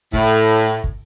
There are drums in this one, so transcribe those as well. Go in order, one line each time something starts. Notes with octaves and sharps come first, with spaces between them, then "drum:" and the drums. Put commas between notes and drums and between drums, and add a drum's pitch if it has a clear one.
A2, drum: kick
drum: kick